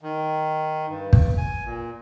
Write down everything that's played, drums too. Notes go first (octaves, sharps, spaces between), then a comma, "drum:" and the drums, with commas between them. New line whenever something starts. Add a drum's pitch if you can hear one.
D#3
G2
drum: kick
G#5
A#2